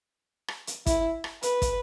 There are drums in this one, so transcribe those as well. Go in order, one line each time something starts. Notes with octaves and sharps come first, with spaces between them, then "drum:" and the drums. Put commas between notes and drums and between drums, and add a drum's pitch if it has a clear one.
drum: rim click
drum: hi-hat
E4, drum: kick, hi-hat
drum: rim click
B4, drum: hi-hat
drum: kick, hi-hat